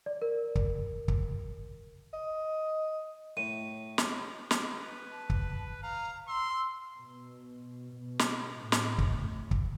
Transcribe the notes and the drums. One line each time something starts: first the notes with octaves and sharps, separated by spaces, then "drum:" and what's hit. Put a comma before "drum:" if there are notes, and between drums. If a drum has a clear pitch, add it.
D5
A#4
drum: kick
drum: kick
D#5
A2 D#7
drum: snare
drum: snare
B4
A5
drum: kick
F5 A#5
C6 E6
B2
B2
drum: snare
A2
drum: snare
drum: kick
drum: kick